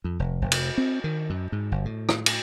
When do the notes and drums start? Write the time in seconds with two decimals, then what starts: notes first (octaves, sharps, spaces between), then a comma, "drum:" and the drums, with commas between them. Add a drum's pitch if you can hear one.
0.04 F2
0.19 F1
0.41 F1
0.52 drum: cymbal
0.78 C4
1.04 D#3
1.30 F#2
1.52 G#2
1.72 G1
1.85 A2
2.09 drum: rim click
2.26 drum: cymbal